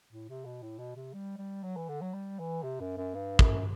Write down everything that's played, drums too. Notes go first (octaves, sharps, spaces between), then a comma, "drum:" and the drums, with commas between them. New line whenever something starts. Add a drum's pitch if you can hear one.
A2
C3
B2
A2
B2
C3
G3
G3
F#3
E3
D3
F#3
G3
E3
C3
F#2
F#2
G2
F#2, drum: kick